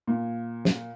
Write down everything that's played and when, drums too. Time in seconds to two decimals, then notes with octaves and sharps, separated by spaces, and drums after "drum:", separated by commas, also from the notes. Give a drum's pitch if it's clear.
0.07 A#2
0.65 drum: snare